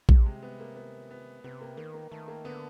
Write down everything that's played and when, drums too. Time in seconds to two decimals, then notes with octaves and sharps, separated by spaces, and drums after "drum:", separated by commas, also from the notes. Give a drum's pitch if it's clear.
0.09 C3 G3, drum: kick
0.26 G#3
0.42 B3
0.60 A#3
0.76 B3
1.11 B3
1.44 C3 B3
1.61 A#3
1.77 D#3 A#3
1.94 A#3
2.11 D#3 A3
2.28 A#3
2.45 D3 B3